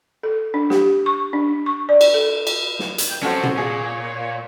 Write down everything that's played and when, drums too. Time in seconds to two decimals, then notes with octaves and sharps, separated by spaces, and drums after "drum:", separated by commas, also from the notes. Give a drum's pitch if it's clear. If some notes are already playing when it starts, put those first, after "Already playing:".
0.23 A4
0.54 D4
0.70 G4, drum: snare
1.06 C#6
1.33 D4
1.66 C#6
1.89 D5
2.01 drum: cymbal
2.14 A4
2.47 drum: cymbal
2.79 drum: snare
2.98 drum: hi-hat
3.10 G5
3.23 C4 C#4 F#4 A4 C#5 F#5
3.43 drum: tom
3.57 A#2 G#4